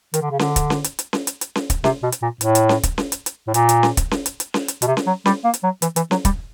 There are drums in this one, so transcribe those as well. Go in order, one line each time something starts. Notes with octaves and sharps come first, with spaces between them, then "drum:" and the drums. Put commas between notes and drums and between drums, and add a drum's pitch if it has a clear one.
D#3, drum: hi-hat
D3
C#3
D3, drum: snare C#4
drum: kick, hi-hat
drum: snare C#4
drum: hi-hat
drum: hi-hat
drum: snare C#4
drum: hi-hat
drum: hi-hat
drum: snare C#4
drum: kick, hi-hat
C3, drum: snare C#4
B2
drum: hi-hat
A#2
A2, drum: hi-hat
drum: hi-hat
drum: snare C#4
drum: kick, hi-hat
drum: snare C#4
drum: hi-hat
drum: hi-hat
A2
A#2, drum: hi-hat
drum: hi-hat
drum: snare C#4
drum: kick, hi-hat
drum: snare C#4
drum: hi-hat
drum: hi-hat
drum: snare C#4
drum: hi-hat
B2, drum: hi-hat
C3
drum: snare C#4
F#3
G3, drum: snare C#4
A#3
drum: hi-hat
F#3
E3, drum: hi-hat
E3, drum: hi-hat
F#3, drum: snare C#4
G3, drum: kick, hi-hat